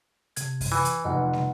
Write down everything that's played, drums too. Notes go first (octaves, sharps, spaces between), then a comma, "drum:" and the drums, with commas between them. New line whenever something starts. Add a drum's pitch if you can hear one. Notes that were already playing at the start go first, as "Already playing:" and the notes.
C3 G#6, drum: hi-hat
drum: kick F#2, open hi-hat
E3
drum: hi-hat
F1 D#5 F#5
drum: snare